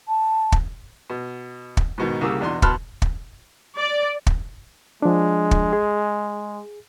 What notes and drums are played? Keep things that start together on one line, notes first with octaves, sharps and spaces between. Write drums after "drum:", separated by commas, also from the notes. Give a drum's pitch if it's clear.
A5
drum: kick
B2
drum: kick
G#2 B2 D#3
C2 C#3 A#3 G4 G#4 E6
E2 B2 D4 D#4 D#5 C6
B2 A5 B5 C6 F6 F#6, drum: kick
drum: kick
D5
drum: kick
F3 G#3 D4
drum: kick
G#4